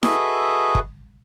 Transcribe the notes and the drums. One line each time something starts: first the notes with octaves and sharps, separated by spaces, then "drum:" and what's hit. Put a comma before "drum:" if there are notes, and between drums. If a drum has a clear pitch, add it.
F#4 G#4 A4 B4 D#5 E5, drum: snare E4
drum: kick